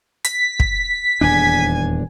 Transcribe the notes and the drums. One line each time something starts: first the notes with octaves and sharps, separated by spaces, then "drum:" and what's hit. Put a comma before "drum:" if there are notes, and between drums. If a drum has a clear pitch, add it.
B6, drum: hi-hat
drum: kick
D#1 E2 D4 G#5